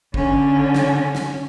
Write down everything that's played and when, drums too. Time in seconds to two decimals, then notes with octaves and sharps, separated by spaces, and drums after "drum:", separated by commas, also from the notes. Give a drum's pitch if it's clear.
0.14 D3 C#4, drum: kick
0.74 drum: snare
1.15 drum: snare